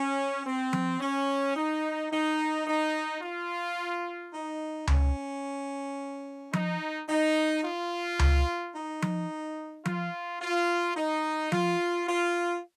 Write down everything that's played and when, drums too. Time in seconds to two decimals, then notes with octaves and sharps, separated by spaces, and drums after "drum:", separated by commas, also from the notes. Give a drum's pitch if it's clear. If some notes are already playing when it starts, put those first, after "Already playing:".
Already playing: C#4
0.45 C4
0.73 drum: tom F3
1.00 C#4
1.55 D#4
2.11 D#4
2.67 D#4
3.22 F4
4.32 D#4
4.87 C#4, drum: tom C#2
6.53 D#4, drum: tom F3
7.08 D#4
7.64 F4
8.19 drum: tom C#2
8.75 D#4
9.02 drum: tom F3
9.85 F4, drum: tom F3
10.41 F4
10.96 D#4
11.52 F4, drum: tom F3
12.07 F4